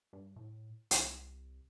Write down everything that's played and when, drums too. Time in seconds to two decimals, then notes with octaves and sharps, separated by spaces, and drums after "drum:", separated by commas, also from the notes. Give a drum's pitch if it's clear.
0.13 G2
0.36 A2
0.91 C2, drum: hi-hat